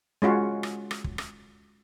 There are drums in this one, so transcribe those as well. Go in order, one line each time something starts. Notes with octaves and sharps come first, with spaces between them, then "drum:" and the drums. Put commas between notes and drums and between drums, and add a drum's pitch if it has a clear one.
G#3 C#4 F4 F#4
drum: rim click
drum: rim click
drum: kick
drum: rim click